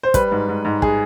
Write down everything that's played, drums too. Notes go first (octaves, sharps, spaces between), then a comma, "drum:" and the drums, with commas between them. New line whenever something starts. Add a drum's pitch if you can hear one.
C5
G3 B4, drum: kick, hi-hat
G#2
G#2
G#2
G#4, drum: kick